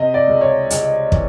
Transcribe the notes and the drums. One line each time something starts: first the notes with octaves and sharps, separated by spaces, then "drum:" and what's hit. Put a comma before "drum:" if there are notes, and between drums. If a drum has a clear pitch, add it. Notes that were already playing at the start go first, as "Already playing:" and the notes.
Already playing: C3 D#5
D5
C#2
C#5
C#2, drum: hi-hat
E3, drum: kick